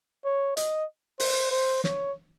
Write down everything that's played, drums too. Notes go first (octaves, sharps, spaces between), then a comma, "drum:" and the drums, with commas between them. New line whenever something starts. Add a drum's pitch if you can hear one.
C#5
D#5, drum: hi-hat
C5, drum: open hi-hat
C5
C#5, drum: snare